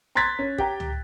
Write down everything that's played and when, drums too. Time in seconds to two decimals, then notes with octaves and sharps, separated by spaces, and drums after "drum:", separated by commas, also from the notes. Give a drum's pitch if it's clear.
0.15 A#5 C6 F#6 G#6 A6 B6
0.39 C#4
0.58 G4 G5 A#5, drum: kick
0.80 drum: tom C#2